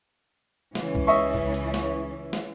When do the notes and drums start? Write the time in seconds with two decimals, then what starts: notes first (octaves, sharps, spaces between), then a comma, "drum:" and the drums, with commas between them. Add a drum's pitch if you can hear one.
0.75 C#2 E3 C#4, drum: snare
0.95 drum: kick
1.07 D#5 E5 C#6
1.35 drum: kick
1.54 drum: hi-hat
1.74 drum: snare
2.33 drum: snare